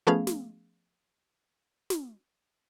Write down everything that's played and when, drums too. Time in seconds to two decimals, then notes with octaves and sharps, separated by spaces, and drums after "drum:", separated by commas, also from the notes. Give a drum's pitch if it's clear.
0.07 F3 A3 B3 C#4 G#4 F5
0.27 drum: snare
1.90 drum: snare